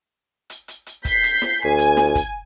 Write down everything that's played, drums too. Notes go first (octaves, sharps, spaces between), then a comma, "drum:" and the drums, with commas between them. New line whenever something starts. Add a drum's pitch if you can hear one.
drum: hi-hat
drum: hi-hat
drum: hi-hat
G6 B6 C7, drum: kick, hi-hat
drum: hi-hat
drum: snare
D2 G#5
drum: hi-hat
drum: snare
drum: kick, hi-hat